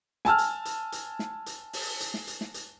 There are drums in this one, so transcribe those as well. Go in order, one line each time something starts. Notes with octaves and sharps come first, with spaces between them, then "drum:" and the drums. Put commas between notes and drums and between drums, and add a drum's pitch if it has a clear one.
G#5 A5 E6 F6, drum: snare
drum: hi-hat
drum: hi-hat
drum: hi-hat
drum: snare
drum: hi-hat
drum: open hi-hat
drum: hi-hat
drum: snare
drum: hi-hat
drum: snare
drum: hi-hat